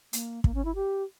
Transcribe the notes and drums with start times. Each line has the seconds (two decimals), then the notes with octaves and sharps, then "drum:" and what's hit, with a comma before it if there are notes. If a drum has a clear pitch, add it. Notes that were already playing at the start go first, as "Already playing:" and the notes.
0.13 A#3, drum: hi-hat
0.44 A#3, drum: kick
0.54 C#4
0.65 E4
0.75 G4